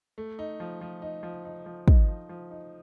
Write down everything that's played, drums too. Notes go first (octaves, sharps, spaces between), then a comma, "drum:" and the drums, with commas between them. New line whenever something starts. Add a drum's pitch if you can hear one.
A3
D#4
F3
F3
D#4
F3
D#4
F3
D#4, drum: kick
F3
F3
D#4